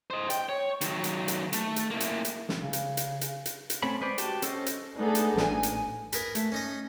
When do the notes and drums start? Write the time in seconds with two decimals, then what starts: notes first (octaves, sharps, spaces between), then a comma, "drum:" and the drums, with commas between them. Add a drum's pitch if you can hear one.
0.10 C5 D#5
0.30 G5, drum: hi-hat
0.49 C#5
0.81 D#3 F#3, drum: hi-hat
1.04 drum: hi-hat
1.28 drum: hi-hat
1.53 A3, drum: hi-hat
1.76 drum: hi-hat
1.91 A#3 E4
2.00 drum: hi-hat
2.25 drum: hi-hat
2.49 drum: snare
2.63 C#3
2.73 drum: hi-hat
2.97 drum: hi-hat
3.21 drum: hi-hat
3.46 drum: hi-hat
3.70 drum: hi-hat
3.83 A3 C4 C#4 B5
4.01 G#3 B4 C5 D5
4.18 F#4 G4 G5 A5, drum: hi-hat
4.42 C#4 A4 C5 D#5, drum: hi-hat
4.66 drum: hi-hat
4.97 A3 B3 D4 D#4 G#4 A4
5.15 drum: hi-hat
5.37 A1 G#5, drum: snare
5.63 drum: hi-hat
6.13 G#4 A#4 B4, drum: hi-hat
6.35 A3, drum: hi-hat
6.52 C#4 D#4 D#5